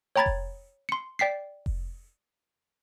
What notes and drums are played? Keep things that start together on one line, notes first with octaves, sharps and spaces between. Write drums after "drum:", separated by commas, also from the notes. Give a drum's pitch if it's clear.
C#5 G5 A#5 B5 G#6 A6
drum: kick F1
C6 C#7
D5 G5 B6 C7
drum: kick F1